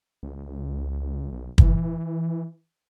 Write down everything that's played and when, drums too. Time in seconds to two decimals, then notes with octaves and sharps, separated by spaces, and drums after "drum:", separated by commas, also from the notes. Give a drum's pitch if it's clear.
0.23 C#2
1.32 B1
1.58 E3, drum: kick